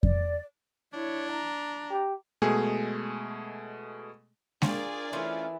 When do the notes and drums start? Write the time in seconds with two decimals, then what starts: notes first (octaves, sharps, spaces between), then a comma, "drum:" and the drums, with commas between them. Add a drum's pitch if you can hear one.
0.03 D5, drum: kick F2
0.93 D4 E4 C#5
1.31 A#5
1.91 G4
2.42 B2 G#3 A3 G#4
4.62 D4 F4 G#4 A#4 D5, drum: snare G#3
5.13 E3 A3 C#4 F4